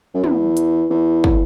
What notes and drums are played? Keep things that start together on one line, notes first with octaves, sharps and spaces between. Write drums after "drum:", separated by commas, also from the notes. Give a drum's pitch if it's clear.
F#2
E2, drum: tom
drum: hi-hat
E2
drum: kick